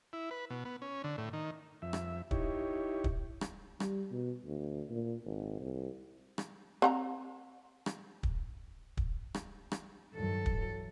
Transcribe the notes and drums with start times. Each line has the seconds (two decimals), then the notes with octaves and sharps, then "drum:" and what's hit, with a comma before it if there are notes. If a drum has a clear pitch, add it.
0.13 E4
0.31 B4
0.50 B2
0.65 B3
0.82 C#4
1.04 D3
1.18 A2
1.33 D#3
1.82 F2 E5
1.93 drum: rim click
2.31 D#4 E4 G4 C#5, drum: kick
3.04 drum: kick
3.41 drum: rim click
3.80 G3, drum: rim click
4.12 B2
4.45 D2
4.90 A#2
5.25 G#1
5.60 C2
6.38 drum: rim click
6.82 C4 F#5 A#5
7.86 drum: rim click
8.23 drum: kick
8.97 drum: kick
9.34 drum: rim click
9.72 drum: rim click
10.15 G2 D#3 F#3 A4
10.46 drum: kick
10.55 E3 F#3